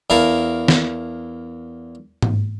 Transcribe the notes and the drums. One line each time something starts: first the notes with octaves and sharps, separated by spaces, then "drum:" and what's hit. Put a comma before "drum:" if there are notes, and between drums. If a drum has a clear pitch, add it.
E2 E4 A#4 F5 A5
drum: snare
drum: tom G#2